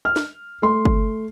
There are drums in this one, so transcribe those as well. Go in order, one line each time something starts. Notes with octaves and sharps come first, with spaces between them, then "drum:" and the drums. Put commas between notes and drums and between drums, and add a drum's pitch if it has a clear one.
F6
drum: snare
A3 C6
drum: kick G1